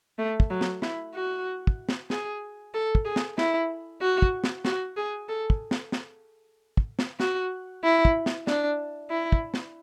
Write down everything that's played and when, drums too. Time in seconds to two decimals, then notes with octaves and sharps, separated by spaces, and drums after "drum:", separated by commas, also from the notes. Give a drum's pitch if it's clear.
0.18 A3
0.40 drum: kick
0.50 F#3
0.61 drum: snare
0.82 E4, drum: snare
1.14 F#4
1.67 drum: kick
1.89 drum: snare
2.10 G#4, drum: snare
2.74 A4
2.95 drum: kick
3.05 G#4
3.16 drum: snare
3.38 E4, drum: snare
4.01 F#4
4.22 drum: kick
4.44 drum: snare
4.65 F#4, drum: snare
4.97 G#4
5.29 A4
5.50 drum: kick
5.71 drum: snare
5.92 drum: snare
6.77 drum: kick
6.99 drum: snare
7.20 F#4, drum: snare
7.84 E4
8.05 drum: kick
8.26 drum: snare
8.47 D4, drum: snare
9.11 E4
9.32 drum: kick
9.54 drum: snare